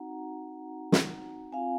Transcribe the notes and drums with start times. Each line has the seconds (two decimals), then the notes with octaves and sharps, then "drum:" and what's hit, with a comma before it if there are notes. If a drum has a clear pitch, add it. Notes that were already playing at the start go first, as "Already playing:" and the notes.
Already playing: C4 D#4 F#4 F#5 A#5
0.92 drum: snare
1.52 C4 F4 F5 G#5